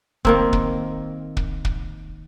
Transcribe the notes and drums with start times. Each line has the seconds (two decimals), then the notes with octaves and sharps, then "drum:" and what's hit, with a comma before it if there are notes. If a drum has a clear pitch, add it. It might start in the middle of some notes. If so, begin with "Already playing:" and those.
0.25 D#3 A#3 C4, drum: kick
0.53 drum: kick
1.37 drum: kick
1.65 drum: kick